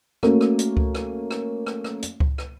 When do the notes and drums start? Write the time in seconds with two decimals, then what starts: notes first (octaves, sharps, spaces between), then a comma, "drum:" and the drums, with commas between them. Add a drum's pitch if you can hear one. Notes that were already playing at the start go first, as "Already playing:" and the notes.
0.23 A3 A#3 C#4 F#4, drum: rim click
0.41 drum: rim click
0.59 drum: hi-hat
0.77 drum: kick C#2
0.95 drum: rim click
1.31 drum: rim click
1.67 drum: rim click
1.84 drum: rim click
2.02 drum: hi-hat
2.20 drum: kick C#2
2.38 drum: rim click